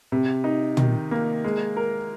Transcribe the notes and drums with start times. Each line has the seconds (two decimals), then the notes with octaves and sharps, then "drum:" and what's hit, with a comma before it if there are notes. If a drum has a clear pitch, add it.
0.12 C3
0.44 D#4
0.77 D#3, drum: tom
1.11 A#3
1.44 G#3
1.76 A#4